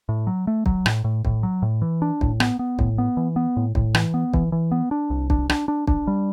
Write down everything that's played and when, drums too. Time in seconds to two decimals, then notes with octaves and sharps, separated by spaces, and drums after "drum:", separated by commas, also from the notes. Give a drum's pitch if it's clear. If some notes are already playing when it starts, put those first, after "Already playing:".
0.09 A2
0.27 F#3
0.47 A3
0.66 F#3, drum: kick
0.86 A2, drum: rim click
1.04 A2
1.25 A2, drum: kick
1.43 F#3
1.62 A2
1.82 E3
2.02 D4
2.21 A2, drum: kick
2.40 B3, drum: rim click
2.59 B3
2.79 A2, drum: kick
2.98 B3
3.17 E3
3.36 B3
3.57 A2
3.75 A2, drum: kick
3.95 E3, drum: rim click
4.14 B3
4.34 E3, drum: kick
4.52 E3
4.72 B3
4.91 D4
5.10 C2
5.30 D4, drum: kick
5.49 D4, drum: rim click
5.68 D4
5.87 D4, drum: kick
6.07 G3